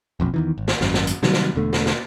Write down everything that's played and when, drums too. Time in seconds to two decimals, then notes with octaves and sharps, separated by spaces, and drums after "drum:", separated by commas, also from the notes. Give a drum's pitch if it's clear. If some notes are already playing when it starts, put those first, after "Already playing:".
0.20 E1 A#1 F2
0.34 E2 D#3 E3
0.58 G#1
0.68 drum: snare
0.81 G#1 F#2, drum: snare
0.94 drum: snare
1.07 drum: hi-hat
1.23 C3 D#3 F#3 G3, drum: snare
1.33 drum: snare
1.55 E1 E2 D3 A3
1.73 drum: snare
1.86 drum: snare